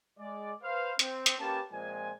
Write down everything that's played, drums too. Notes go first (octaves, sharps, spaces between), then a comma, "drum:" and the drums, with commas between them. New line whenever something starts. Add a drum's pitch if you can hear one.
G#3 D5
B4 C5 F5
C4, drum: hi-hat
drum: hi-hat
A#3 C#4 G4 B4 A5
A#2 F3 G#3 C4 G#5